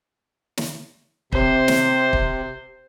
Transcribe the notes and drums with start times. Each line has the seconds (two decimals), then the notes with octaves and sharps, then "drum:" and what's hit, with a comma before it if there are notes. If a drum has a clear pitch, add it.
0.57 drum: snare
1.32 C3 C5, drum: kick
1.68 drum: snare
2.13 drum: kick